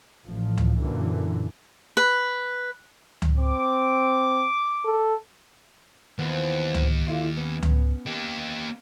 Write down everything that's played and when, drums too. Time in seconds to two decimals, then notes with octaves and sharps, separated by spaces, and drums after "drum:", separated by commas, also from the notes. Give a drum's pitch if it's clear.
0.25 A1 F3
0.58 drum: tom C#2
0.78 F#2 A#2 D3 E3
1.97 B4
3.22 drum: tom C#2
3.37 C4 D6
4.85 A4
6.19 D#2 E3 F3 B3
6.74 drum: tom C#2
7.07 D3 E4 F4
7.37 B3 C#4
7.63 drum: tom C#2
8.07 A#3 G4